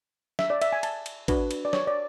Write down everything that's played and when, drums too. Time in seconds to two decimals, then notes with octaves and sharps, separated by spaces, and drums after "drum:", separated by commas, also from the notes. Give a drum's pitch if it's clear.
0.39 E5, drum: snare
0.50 D5
0.62 E5, drum: cymbal
0.73 G#5
0.83 A5, drum: cymbal
1.06 drum: cymbal
1.28 D4 F#4 B4, drum: kick, cymbal
1.51 drum: cymbal
1.65 D5
1.73 C#5, drum: snare
1.87 D5